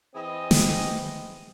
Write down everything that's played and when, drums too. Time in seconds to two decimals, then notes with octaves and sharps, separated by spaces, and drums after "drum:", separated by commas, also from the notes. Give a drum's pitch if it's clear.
0.15 E3 C4 G#4 D#5
0.51 drum: snare